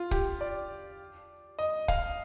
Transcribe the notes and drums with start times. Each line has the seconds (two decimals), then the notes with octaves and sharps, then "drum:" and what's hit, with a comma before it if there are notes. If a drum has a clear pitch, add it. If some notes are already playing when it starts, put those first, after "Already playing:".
Already playing: F4
0.11 G4, drum: kick
0.41 D5
1.59 D#5
1.88 F5, drum: kick